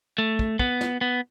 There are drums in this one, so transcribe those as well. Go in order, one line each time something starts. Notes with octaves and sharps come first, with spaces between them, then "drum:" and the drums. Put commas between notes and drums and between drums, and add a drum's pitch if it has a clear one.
A3
drum: kick
B3, drum: kick
drum: snare
B3